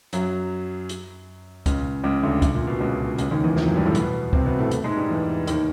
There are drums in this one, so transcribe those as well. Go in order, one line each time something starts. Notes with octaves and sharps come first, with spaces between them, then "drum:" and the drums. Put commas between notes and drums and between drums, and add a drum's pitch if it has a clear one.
F#2 F#3, drum: hi-hat
drum: hi-hat
C#2 C#3, drum: kick C#2, hi-hat
C#2 C#3
D2 D3
D2 D3, drum: kick C#2, hi-hat
A#2
B2
C#2 C#3
C#2 C#3, drum: hi-hat
D#2 D#3
E2 E3
F2 F3, drum: snare
F#2 F#3
G2 G3
A2 A3
B2 B3, drum: hi-hat
C3 C4, drum: kick C#2
B2 B3
A2 A3
A2 A3, drum: hi-hat
G#2 G#3
G2 G3
E2 E3
D#2 D#3, drum: hi-hat